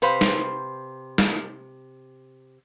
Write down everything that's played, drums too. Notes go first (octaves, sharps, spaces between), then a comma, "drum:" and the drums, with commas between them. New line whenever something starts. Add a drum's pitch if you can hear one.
C3 B4 C5 F5
drum: snare
drum: snare